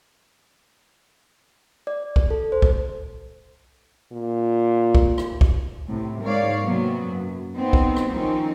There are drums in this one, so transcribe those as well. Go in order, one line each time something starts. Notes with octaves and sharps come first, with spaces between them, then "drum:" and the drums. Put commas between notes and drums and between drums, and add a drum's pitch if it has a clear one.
D5
drum: kick
A4
C5
drum: kick
A#2
drum: kick
drum: rim click
drum: kick
A2 C3
G#2 A#4 C#5 D5 F5
C3 F#3 A#3 B3
F#2
B3 C4 D#4
drum: kick
drum: rim click
D#3 F3 C4 C#4 D#4